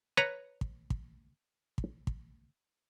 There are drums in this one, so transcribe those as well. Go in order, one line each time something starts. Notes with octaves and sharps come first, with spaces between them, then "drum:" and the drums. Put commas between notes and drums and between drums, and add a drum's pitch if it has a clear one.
B4 C#5 A#5
drum: kick
drum: kick
drum: kick
drum: kick